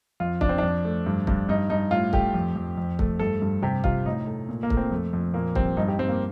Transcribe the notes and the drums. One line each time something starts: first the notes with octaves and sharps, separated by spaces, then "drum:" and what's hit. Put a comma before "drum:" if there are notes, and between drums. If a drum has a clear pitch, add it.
F2 F4
F2 D4, drum: kick
C4
F2 D4
A3
G2
G2, drum: kick
G2 D#4
G2 D#4
A2 F4
A3 G4, drum: kick
F2
F2
F2
A3, drum: kick
G2 A4
G2
C3 G4
C3 F4, drum: kick
A2 D#4
A3
A#2
A#3
A3, drum: kick
C4
F2 A3
F2
A#2 A#3
G3 C4, drum: kick
G2 D#4
G4
G2 C4
A#3